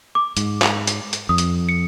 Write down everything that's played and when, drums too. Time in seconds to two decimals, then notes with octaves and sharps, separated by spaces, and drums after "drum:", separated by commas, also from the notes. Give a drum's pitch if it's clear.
0.15 D6
0.37 G#2, drum: hi-hat
0.62 drum: clap
0.87 drum: hi-hat
1.13 drum: hi-hat
1.29 F2 D#6
1.38 drum: hi-hat
1.69 C#7